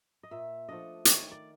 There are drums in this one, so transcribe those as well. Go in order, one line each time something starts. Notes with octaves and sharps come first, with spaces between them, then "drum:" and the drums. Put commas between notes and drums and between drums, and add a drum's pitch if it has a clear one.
D#5
A#2 E5
F3 A3 D4 D#5
D#3 D5, drum: hi-hat
C#5
D5
D5